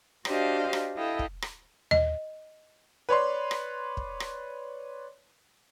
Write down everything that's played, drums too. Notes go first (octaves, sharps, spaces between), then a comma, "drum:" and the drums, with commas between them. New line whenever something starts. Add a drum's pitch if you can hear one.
D4 F#4 G4 C5 D#5 F5, drum: rim click
drum: rim click
E4 A4 D#5 F5 G5
drum: kick
drum: rim click
D#5, drum: tom D#2
B4 C#5 D5 C6
drum: rim click
drum: kick
drum: rim click